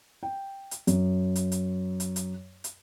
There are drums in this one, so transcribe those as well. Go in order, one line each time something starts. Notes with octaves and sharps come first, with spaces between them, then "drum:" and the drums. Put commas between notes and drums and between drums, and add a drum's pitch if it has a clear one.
G5
drum: hi-hat
F#2, drum: hi-hat
drum: hi-hat
drum: hi-hat
drum: hi-hat
drum: hi-hat
drum: hi-hat